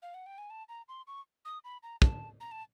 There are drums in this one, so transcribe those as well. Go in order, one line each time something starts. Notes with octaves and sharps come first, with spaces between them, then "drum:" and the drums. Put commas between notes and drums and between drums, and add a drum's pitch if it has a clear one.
F5
F#5
G5
G#5
A5
A#5
C6
C#6
D#6
B5
A#5
A5, drum: kick
A#5
A5